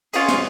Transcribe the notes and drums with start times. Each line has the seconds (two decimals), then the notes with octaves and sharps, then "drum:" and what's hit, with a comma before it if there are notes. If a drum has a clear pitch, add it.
0.13 C#4 F4 G#4, drum: cymbal
0.28 drum: snare